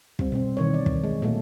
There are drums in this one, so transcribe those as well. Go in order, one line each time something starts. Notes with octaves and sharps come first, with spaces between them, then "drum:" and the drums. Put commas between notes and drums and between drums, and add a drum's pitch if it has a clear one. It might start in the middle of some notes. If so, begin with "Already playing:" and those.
G3 C4, drum: kick
B2 G3 C4
B2 D#3 E3 C#5
D5
drum: kick
G#3
A#2 F#3 A3 A#3